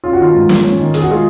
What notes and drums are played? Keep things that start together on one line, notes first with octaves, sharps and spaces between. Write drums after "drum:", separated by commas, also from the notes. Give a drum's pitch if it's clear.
C#4 F4
F#4
D#3 F4
G#2
A#3, drum: snare
C#4
D#3
D#3 G#4, drum: hi-hat
F#4
G#3 F4 G#4